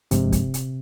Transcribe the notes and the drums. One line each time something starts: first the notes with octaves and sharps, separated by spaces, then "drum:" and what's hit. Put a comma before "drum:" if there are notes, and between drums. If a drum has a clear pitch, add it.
G1 G2 C3 F3 G#3, drum: hi-hat
drum: kick, hi-hat
drum: hi-hat